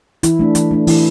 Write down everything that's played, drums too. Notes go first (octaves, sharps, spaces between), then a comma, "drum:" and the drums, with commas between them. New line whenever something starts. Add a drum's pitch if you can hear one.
E3 E4, drum: hi-hat
A3 D4
E3, drum: hi-hat
A3 D4
E3 E4, drum: open hi-hat